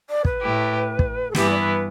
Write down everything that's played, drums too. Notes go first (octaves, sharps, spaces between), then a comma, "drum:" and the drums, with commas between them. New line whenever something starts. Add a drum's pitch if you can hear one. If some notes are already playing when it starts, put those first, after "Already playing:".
D5
B4, drum: kick
A2 A3 E4 G4
drum: kick
A4
G2 E3 B3 E4 G4, drum: snare
D5
B4